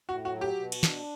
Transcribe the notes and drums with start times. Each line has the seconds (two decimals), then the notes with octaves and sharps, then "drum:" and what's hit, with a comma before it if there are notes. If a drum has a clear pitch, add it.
0.09 A2 F#4
0.25 F#4
0.33 F#3
0.41 G4
0.58 B2
0.72 drum: cymbal
0.83 D4, drum: snare